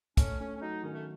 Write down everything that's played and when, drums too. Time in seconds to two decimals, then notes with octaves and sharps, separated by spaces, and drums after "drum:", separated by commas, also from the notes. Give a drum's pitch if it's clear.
0.17 A3 C#4, drum: kick, hi-hat
0.40 A3 C#4
0.56 C#4
0.61 F#3 D#4
0.83 D#3 C#4
0.94 A3